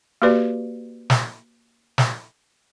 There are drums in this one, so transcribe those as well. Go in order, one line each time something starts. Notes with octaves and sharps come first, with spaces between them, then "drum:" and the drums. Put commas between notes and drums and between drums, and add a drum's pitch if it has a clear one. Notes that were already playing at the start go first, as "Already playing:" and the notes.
A#3 F#4 G4 B4 D5
drum: snare
drum: snare